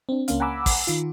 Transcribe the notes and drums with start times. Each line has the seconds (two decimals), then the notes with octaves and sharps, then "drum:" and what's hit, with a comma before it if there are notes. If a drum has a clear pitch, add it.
0.09 C4 D4
0.28 C#2 A#3 C#4 F5, drum: hi-hat
0.40 F#5 G#5 A#5 B5 D6 E6
0.66 drum: kick, open hi-hat
0.87 D#3 F4, drum: hi-hat